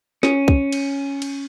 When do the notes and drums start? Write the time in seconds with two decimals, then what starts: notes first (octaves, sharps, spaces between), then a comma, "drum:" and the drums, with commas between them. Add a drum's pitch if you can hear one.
0.23 C#4, drum: snare
0.48 drum: kick
0.72 drum: cymbal
1.22 drum: cymbal